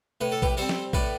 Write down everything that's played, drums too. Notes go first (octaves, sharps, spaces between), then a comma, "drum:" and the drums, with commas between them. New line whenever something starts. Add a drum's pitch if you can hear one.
A2 B4
A4
G4 B4, drum: kick
G3 C4 A4 C5
drum: snare
A2 B4 D5, drum: kick